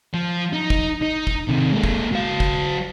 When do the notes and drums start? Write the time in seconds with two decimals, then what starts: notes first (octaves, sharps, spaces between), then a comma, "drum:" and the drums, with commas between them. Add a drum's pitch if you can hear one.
0.14 F3
0.53 D#4
0.70 drum: kick
1.02 D#4
1.27 drum: kick
1.48 C3 D#3
1.73 G#3 A#3
1.84 drum: kick
2.12 F#3 F5
2.40 drum: kick